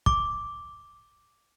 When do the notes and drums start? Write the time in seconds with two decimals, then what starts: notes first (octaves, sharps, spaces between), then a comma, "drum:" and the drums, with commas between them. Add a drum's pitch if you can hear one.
0.06 D6, drum: kick